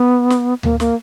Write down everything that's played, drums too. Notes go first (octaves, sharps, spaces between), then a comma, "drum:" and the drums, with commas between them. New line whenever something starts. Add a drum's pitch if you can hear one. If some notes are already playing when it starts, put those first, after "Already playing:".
Already playing: B3
drum: snare
A#3, drum: tom D2
A#3, drum: snare